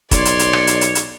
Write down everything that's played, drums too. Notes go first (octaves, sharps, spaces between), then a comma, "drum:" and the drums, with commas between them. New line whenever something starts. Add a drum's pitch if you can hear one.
B1 C#5 D5 C6, drum: kick, hi-hat
drum: hi-hat
drum: hi-hat
drum: rim click
drum: hi-hat
drum: hi-hat
drum: hi-hat